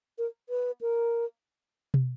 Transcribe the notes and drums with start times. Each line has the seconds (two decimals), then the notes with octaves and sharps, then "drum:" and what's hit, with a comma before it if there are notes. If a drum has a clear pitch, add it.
0.18 A#4
0.49 B4
0.81 A#4
1.94 drum: tom